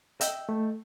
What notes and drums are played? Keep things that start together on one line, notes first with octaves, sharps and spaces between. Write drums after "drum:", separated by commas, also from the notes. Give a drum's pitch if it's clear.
D#5 E5 G5, drum: hi-hat
A3